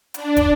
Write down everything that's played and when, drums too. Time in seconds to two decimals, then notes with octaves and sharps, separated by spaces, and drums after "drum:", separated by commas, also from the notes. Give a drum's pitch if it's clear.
0.14 D4, drum: hi-hat
0.37 drum: kick, hi-hat